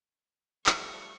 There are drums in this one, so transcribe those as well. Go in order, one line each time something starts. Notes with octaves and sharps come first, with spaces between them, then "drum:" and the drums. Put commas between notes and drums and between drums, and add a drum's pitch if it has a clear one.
F3 G3 A3 C#6, drum: clap